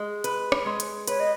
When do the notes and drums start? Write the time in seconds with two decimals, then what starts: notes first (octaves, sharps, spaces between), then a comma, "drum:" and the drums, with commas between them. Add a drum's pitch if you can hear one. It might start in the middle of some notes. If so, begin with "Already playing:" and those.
Already playing: G#3
0.24 B4, drum: hi-hat
0.52 drum: rim click
0.66 G#3
0.80 drum: hi-hat
1.08 B4 C#5, drum: hi-hat
1.19 D#5